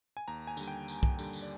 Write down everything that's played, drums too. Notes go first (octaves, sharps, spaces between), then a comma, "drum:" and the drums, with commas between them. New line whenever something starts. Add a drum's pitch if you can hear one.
G#5
D#2 A#5
G#5
D3 G3, drum: tambourine
G5
D#2, drum: tambourine
drum: kick B1
D3 G3, drum: tambourine
drum: tambourine
D5